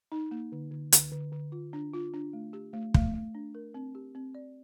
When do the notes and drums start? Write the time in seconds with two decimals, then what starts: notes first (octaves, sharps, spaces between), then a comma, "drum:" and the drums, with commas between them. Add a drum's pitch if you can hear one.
0.12 D#4
0.31 A#3
0.52 D3
0.71 D3
0.92 D3, drum: hi-hat
1.12 D3
1.32 D3
1.52 F4
1.73 D4
1.94 F4
2.14 D4
2.33 A3
2.53 G4
2.73 A3
2.94 A3, drum: kick
3.14 A3
3.35 D4
3.55 A#4
3.74 C4
3.95 G4
4.15 C4
4.35 D5